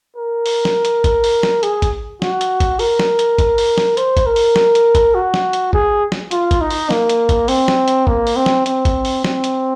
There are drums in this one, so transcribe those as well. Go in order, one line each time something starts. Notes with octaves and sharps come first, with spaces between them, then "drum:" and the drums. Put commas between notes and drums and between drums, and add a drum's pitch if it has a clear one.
A#4
drum: open hi-hat
drum: snare
drum: hi-hat
drum: kick G#1, hi-hat
drum: open hi-hat
drum: snare
G#4, drum: hi-hat
drum: kick G#1, hi-hat
F#4, drum: snare
drum: hi-hat
drum: kick G#1, hi-hat
A#4, drum: open hi-hat
drum: snare
drum: hi-hat
drum: kick G#1, hi-hat
drum: open hi-hat
drum: snare
C5, drum: hi-hat
drum: kick G#1, hi-hat
A#4
drum: open hi-hat
drum: snare
drum: hi-hat
drum: kick G#1, hi-hat
F#4
drum: snare
drum: hi-hat
G#4, drum: kick G#1
drum: snare
F4, drum: hi-hat
drum: kick G#1, hi-hat
D#4
drum: open hi-hat
A#3, drum: snare
drum: hi-hat
drum: kick G#1, hi-hat
C4, drum: open hi-hat
drum: snare
drum: hi-hat
A#3, drum: kick G#1
drum: open hi-hat
C4
drum: snare
C4, drum: hi-hat
drum: kick G#1, hi-hat
drum: open hi-hat
C4, drum: snare
drum: hi-hat